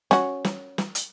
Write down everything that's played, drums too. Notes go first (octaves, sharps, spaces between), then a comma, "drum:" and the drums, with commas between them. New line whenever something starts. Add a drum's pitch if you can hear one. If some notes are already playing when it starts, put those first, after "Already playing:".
C#4 F#4, drum: snare
drum: snare
drum: snare
drum: hi-hat